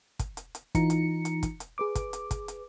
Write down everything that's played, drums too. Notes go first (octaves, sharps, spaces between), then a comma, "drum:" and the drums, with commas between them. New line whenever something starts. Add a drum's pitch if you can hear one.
drum: kick, hi-hat
drum: hi-hat
drum: hi-hat
E3 D#4 F4 A#5 C#7, drum: kick, hi-hat
drum: hi-hat
drum: hi-hat
drum: kick, hi-hat
drum: hi-hat
G#4 B4 D6
drum: kick, hi-hat
drum: hi-hat
drum: kick, hi-hat
drum: hi-hat